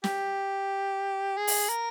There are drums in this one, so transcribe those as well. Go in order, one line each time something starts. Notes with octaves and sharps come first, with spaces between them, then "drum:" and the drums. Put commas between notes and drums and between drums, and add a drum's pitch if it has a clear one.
G4, drum: snare
G#4
drum: open hi-hat
A#4